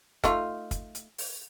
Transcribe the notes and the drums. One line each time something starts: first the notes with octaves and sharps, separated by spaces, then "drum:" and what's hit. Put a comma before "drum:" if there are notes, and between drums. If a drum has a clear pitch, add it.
A3 D#4 F4, drum: kick, hi-hat
drum: kick, hi-hat
drum: hi-hat
drum: open hi-hat